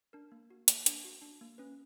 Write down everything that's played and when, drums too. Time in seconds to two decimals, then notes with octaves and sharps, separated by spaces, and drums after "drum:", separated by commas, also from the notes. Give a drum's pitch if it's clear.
0.13 D4 A#4
0.32 A#3
0.50 F#4
0.68 A#3, drum: hi-hat
0.86 D4, drum: hi-hat
1.05 F#4
1.22 D4
1.41 A#3
1.58 C#4 B4